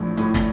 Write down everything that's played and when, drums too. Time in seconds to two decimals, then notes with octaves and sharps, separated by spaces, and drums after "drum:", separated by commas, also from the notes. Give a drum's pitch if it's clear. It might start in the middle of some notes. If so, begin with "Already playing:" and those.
Already playing: A#1 A2
0.17 A2, drum: hi-hat
0.34 drum: snare